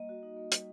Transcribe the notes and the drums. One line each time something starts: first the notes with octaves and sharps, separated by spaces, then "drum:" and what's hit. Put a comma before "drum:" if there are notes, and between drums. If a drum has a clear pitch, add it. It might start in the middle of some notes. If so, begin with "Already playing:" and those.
Already playing: G3 A#3 D#5
F#4
D#4
A#3
G3, drum: hi-hat